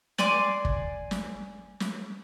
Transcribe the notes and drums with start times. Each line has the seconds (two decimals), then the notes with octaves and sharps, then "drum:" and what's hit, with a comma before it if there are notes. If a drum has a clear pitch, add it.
0.18 D5 G#5 C6 D6, drum: snare
0.65 drum: kick
1.11 drum: snare
1.80 drum: snare